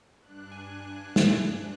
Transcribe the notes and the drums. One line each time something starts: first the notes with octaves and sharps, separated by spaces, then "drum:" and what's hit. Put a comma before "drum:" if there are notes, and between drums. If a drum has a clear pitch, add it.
G2 D4 F#6
G#5
drum: snare